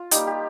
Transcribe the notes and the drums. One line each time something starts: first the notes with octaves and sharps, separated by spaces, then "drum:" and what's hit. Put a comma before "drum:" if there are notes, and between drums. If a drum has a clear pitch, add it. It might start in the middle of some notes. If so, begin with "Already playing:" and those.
Already playing: F4
G3 A#3 D#4 G4, drum: hi-hat
G4